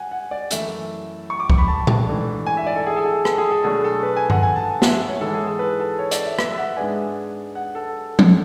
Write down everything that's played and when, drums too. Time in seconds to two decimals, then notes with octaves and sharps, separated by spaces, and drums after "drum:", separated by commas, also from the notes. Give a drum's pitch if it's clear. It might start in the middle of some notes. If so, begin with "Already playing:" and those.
Already playing: F#5 G#5
0.11 F#5
0.31 D5
0.51 F#2 E3 A3 E5, drum: hi-hat
1.30 C#6
1.40 D6
1.50 C#6, drum: kick C2
1.58 B5
1.68 A5
1.87 drum: tom A#2
2.07 G#2 E3 A3 D4
2.46 G#5
2.57 E5
2.67 D5
2.76 A4
2.86 G#4
2.96 A4
3.05 G#4
3.25 A4, drum: rim click
3.38 G#4
3.51 A4
3.64 B2 F#3 A3 D4 G#4
3.84 A4
4.03 B4
4.17 G#5
4.30 F#5, drum: tom G2
4.43 G#5
4.56 A5
4.82 E5, drum: snare
5.08 C#5
5.20 G#2 E3 G#3 A4
5.34 G#4
5.47 A4
5.59 B4
5.80 A4
5.99 C#5
6.11 D5, drum: hi-hat
6.25 E5
6.39 E5, drum: rim click
6.52 E5
6.58 F#5
6.77 G#2 G#3 B3 D4 G#5
7.55 F#5
7.75 A4
8.19 drum: tom F3